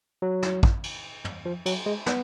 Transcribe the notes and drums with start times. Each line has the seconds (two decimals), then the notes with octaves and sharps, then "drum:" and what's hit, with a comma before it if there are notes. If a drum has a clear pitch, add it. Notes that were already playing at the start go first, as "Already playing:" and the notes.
0.22 F#3
0.42 drum: snare
0.63 drum: kick
0.83 drum: cymbal
1.25 drum: tom
1.45 F3
1.66 F#3, drum: cymbal
1.86 G#3
2.06 B3, drum: snare